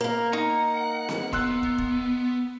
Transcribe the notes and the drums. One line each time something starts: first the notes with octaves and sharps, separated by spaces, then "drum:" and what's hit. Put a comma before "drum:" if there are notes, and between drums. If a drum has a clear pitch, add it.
A#3 A#4
D#4 F#5
drum: snare C4
B3 C6 E6 F#6, drum: kick
drum: kick
drum: kick